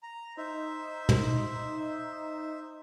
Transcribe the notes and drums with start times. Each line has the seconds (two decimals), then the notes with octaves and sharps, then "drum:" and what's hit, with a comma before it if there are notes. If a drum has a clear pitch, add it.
0.03 A#5
0.37 D#4 C5 E5
1.09 drum: tom